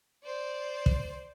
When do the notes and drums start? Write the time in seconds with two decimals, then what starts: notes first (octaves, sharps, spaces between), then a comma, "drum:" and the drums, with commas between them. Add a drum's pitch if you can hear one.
0.24 C5 D5
0.86 drum: kick